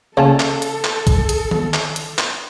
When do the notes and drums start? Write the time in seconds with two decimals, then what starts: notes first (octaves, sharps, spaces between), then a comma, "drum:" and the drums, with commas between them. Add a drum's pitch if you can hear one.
0.17 C#3 A#3 F4 A4 A5
0.40 drum: clap
0.62 drum: hi-hat
0.84 drum: clap
1.07 drum: kick A#1, hi-hat
1.29 drum: hi-hat
1.51 drum: tom D#3
1.74 drum: clap
1.96 drum: hi-hat
2.18 drum: clap